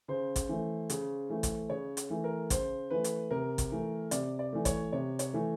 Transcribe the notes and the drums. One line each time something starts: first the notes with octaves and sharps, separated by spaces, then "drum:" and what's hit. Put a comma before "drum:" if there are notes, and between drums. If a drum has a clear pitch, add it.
C#3 C5
drum: kick, hi-hat
E3 A3
C#3, drum: hi-hat
E3 A3
drum: kick, hi-hat
C#3 C#5
drum: hi-hat
E3 A3
A#4
C#3 C5, drum: kick, hi-hat
E3 A3 B4
drum: hi-hat
C3 A#4
drum: kick, hi-hat
E3 A3
C3 D5, drum: hi-hat
D5
E3 A3
C#5, drum: kick, hi-hat
C3 C#5
C#5, drum: hi-hat
E3 A3